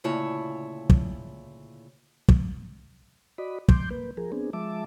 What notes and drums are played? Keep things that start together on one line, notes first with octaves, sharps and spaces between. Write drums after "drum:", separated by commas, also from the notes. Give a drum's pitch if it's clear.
D2 A#2 C#3 E4 C#5 A5
drum: kick
drum: kick
F#4 D5 D#5 B5
C6 D6 G6, drum: kick
A#3 B4
F3 G#4 A#4
B3 C4 D4 G#4
F3 G#3 E5 A5 D6